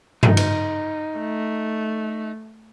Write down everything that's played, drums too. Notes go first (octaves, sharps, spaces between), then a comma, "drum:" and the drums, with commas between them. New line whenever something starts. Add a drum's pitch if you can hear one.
D#4, drum: tom G2
drum: cymbal
A3